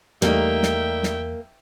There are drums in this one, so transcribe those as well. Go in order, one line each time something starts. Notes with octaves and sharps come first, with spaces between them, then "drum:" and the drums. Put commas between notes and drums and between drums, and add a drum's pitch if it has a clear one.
E2 G3 A3 A#3 D#4 E5 G5, drum: snare
drum: snare
drum: snare